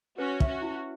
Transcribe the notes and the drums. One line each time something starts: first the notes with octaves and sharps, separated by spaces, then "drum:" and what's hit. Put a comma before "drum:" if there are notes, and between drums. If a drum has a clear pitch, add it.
C#4 F#4 B4
E5, drum: kick
C#4 F#4
E4